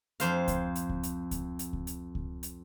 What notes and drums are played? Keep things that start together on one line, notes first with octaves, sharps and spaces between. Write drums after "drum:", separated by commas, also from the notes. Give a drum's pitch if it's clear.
F2 C5 F5, drum: hi-hat
drum: kick C#2, hi-hat
drum: hi-hat
drum: kick C#2
drum: hi-hat
drum: kick C#2, hi-hat
drum: hi-hat
drum: kick C#2
drum: hi-hat
drum: kick C#2
drum: hi-hat